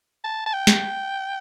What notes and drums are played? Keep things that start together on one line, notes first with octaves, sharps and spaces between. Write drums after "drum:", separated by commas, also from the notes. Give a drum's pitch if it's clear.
A5
A5
G5
drum: snare